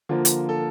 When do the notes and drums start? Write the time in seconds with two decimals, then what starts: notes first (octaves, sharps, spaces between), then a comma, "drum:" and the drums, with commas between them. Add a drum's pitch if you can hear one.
0.09 D3 F3 A#3 F4
0.25 drum: hi-hat
0.49 A4